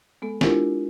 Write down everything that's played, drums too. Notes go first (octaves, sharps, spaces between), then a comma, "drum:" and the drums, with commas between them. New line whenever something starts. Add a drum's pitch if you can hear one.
G#3 B3 A4
G#3 D4 E4 F4 G4 A#4, drum: snare